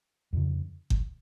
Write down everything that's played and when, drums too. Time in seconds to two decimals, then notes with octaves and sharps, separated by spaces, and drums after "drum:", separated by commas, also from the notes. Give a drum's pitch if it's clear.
0.33 F2 C#3
0.90 drum: kick G1